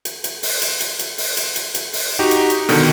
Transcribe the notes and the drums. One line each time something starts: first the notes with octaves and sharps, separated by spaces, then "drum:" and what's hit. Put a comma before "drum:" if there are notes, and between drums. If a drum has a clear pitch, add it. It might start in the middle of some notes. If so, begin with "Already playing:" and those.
drum: hi-hat
drum: hi-hat
drum: open hi-hat
drum: hi-hat
drum: hi-hat
drum: hi-hat
drum: open hi-hat
drum: hi-hat
drum: hi-hat
drum: hi-hat
drum: open hi-hat
D#4 F#4 G4
drum: hi-hat
drum: hi-hat
B2 D3 D#3, drum: open hi-hat